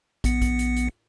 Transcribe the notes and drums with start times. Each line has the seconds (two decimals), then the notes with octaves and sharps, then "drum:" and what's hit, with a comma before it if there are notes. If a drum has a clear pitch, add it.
0.24 A#1 B3 C#7, drum: kick, hi-hat
0.42 drum: kick, hi-hat
0.59 drum: hi-hat
0.76 drum: hi-hat